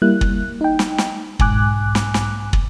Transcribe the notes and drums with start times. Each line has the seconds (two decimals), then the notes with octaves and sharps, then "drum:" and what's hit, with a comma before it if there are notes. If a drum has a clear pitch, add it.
0.02 G3 A#3 E4 F#6
0.21 drum: kick
0.61 D#4 G5
0.79 drum: snare
0.98 drum: snare
1.39 B1 G#2 G#5 D6 F#6, drum: kick
1.95 drum: snare
2.14 drum: snare
2.53 drum: kick